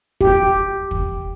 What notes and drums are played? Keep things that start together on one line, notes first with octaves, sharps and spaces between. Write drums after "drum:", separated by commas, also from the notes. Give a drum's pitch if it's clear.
G4, drum: kick
drum: kick